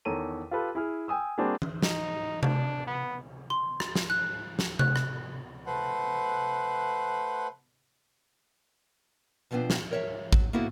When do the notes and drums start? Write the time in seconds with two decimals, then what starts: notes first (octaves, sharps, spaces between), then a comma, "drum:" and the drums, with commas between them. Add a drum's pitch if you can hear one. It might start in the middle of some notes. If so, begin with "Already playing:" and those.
0.05 E2 D#3 A4 C#5 A#5 D#7
0.51 F4 G4 A4 B4
0.75 E4 G#4 F6
1.08 G5 G#5 D#6 E6
1.38 G3 A#3 C4 D4 F#4 G#4
1.62 drum: tom E3
1.83 D#4, drum: snare
2.43 D4, drum: tom C3
2.87 B3
3.50 C6
3.80 drum: rim click
3.95 drum: snare
4.10 F#6
4.59 drum: snare
4.79 F#6, drum: tom C3
4.96 drum: rim click
5.66 A3 B4 C5 F#5
9.51 B2 F3 G#3 B3 C4 D4
9.70 drum: snare
9.91 A#4 C#5 E5
10.33 F#3, drum: kick A1
10.53 A#3 B3 E4 F#4 A4 C5